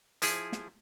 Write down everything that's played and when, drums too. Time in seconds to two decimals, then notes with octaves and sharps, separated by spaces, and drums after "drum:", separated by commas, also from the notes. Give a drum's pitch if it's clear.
0.22 F3 E4 G#4, drum: hi-hat
0.52 drum: snare